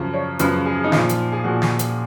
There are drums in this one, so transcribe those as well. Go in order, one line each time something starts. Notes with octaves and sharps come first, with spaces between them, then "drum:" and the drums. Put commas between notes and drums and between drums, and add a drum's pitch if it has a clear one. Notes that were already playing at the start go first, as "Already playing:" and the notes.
Already playing: F#2 C#3 F3
C#5
F#2 C#3 F3 B4, drum: hi-hat
G#4
D#4
A#2 F3 F4, drum: snare
drum: hi-hat
G#4
A#2 F3 F#4
drum: snare
drum: hi-hat